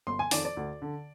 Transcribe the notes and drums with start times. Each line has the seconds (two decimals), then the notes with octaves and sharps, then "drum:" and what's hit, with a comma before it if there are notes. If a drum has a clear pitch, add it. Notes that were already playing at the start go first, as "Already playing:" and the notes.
0.07 G1 C6
0.19 G#5
0.31 F2 D#3 D5, drum: open hi-hat
0.45 D5
0.57 D2
0.82 D3